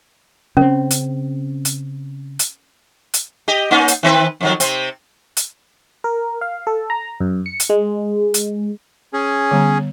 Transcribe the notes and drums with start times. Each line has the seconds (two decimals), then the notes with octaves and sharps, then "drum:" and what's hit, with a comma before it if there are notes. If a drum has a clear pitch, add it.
0.57 C#3 C4 C#4
0.91 drum: hi-hat
1.65 drum: hi-hat
2.39 drum: hi-hat
3.14 drum: hi-hat
3.48 G4 D#5
3.71 A#3 C#4 D#4
3.88 drum: hi-hat
4.03 D#3 C4 B4
4.41 F2 D#3 F#3
4.60 C3 C4, drum: hi-hat
5.37 drum: hi-hat
6.04 A#4
6.41 F5
6.67 A4
6.90 A#5
7.20 F#2
7.46 C#7
7.60 drum: hi-hat
7.70 G#3
8.34 drum: hi-hat
9.13 C#4 G#4
9.51 D3 G3 B3